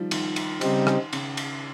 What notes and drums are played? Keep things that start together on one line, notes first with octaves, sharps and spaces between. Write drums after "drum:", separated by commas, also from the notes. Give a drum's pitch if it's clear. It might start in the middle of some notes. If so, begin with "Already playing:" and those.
Already playing: D#3 F3 G3
D#3, drum: cymbal
drum: cymbal
C#3 G3 C4 D#4 G4, drum: cymbal
drum: rim click
C#3, drum: cymbal
drum: cymbal